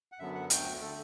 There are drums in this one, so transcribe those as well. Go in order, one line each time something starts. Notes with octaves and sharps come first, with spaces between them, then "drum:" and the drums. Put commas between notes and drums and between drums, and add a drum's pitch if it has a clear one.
F#5
F#2 D3 F#3 B3 E5
F#5
D2 D3 A3 G5, drum: hi-hat
D3 A3 A4